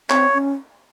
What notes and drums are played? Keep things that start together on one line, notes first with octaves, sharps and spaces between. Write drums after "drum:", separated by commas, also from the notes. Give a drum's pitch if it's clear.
C4 C#5, drum: clap
C#4